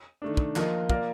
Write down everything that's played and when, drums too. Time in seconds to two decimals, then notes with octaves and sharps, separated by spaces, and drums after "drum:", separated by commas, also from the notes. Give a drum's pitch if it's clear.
0.22 D#3 A3 D4
0.37 drum: kick
0.56 F3 A#3 F4 A#4 D#5, drum: clap
0.90 A#3 F4 A#4 D5, drum: kick